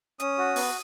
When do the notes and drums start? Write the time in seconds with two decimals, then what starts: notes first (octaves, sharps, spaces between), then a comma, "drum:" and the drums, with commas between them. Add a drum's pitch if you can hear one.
0.20 C#4 D#6, drum: hi-hat
0.38 F#4
0.56 B3, drum: open hi-hat